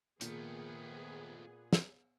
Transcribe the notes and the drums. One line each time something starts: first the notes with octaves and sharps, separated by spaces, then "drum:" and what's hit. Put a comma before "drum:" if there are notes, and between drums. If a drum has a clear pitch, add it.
A#2 D#3 F3 A3 B3 G#4, drum: hi-hat
drum: snare